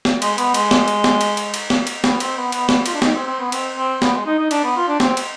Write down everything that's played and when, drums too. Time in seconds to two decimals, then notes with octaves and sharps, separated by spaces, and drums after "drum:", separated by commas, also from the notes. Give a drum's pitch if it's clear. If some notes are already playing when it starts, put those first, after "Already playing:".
0.05 drum: snare
0.22 G#3, drum: cymbal
0.38 B3, drum: cymbal
0.54 G#3, drum: cymbal
0.71 drum: snare
0.88 drum: cymbal
1.04 drum: snare
1.21 drum: cymbal
1.37 drum: cymbal
1.54 drum: cymbal
1.70 drum: snare
1.87 drum: cymbal
2.04 B3, drum: snare
2.20 C4, drum: cymbal
2.37 B3
2.52 B3, drum: cymbal
2.69 B3, drum: snare
2.86 F4, drum: cymbal
2.94 D4
3.02 D#4, drum: snare
3.15 C4
3.27 C4
3.40 B3
3.52 C4, drum: cymbal
3.77 C4
4.02 B3, drum: snare
4.14 G#3
4.26 D#4
4.39 D#4
4.51 D4, drum: cymbal
4.64 B3
4.76 F4
4.88 D4
5.00 C4, drum: snare
5.17 drum: cymbal